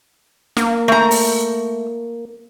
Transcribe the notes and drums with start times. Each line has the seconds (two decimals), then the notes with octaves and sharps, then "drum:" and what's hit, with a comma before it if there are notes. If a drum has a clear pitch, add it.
0.57 A#3, drum: snare
0.88 A3 A#5
1.11 drum: open hi-hat